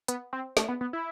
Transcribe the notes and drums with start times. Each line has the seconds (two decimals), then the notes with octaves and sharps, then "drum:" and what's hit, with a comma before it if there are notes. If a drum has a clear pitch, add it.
0.08 B3, drum: hi-hat
0.33 C4
0.57 A3, drum: snare
0.69 B3
0.81 B3
0.93 E4